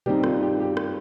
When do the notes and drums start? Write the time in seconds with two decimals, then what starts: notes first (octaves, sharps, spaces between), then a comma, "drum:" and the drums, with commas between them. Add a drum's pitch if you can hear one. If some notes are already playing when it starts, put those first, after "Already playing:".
0.06 D#3 G3 C4 D#4 G4, drum: tom A#2
0.24 F4, drum: rim click
0.42 G4
0.60 G4
0.77 drum: rim click